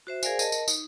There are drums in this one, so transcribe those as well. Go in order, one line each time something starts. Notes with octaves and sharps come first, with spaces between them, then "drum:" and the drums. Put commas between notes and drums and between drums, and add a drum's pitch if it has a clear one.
F#4 C5 E5
G#4 A#4 C5 D5 F5 G#5, drum: tambourine
A#4 D#5 A5, drum: tambourine
drum: tambourine
D#4, drum: tambourine